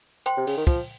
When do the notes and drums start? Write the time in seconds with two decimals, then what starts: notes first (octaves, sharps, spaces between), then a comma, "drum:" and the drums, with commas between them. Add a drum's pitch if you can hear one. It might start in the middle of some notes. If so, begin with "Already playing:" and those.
0.26 C5 G5 C6, drum: hi-hat
0.38 C3
0.47 C#3, drum: open hi-hat
0.57 D#3
0.67 F3, drum: kick